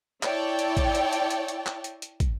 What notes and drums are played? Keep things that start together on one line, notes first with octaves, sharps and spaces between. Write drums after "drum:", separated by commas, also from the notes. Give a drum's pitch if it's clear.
E4 C#5 D5 G5 A5, drum: clap
drum: hi-hat
drum: kick, hi-hat
drum: hi-hat
drum: hi-hat
drum: hi-hat
drum: hi-hat
drum: clap
drum: hi-hat
drum: hi-hat
drum: kick, hi-hat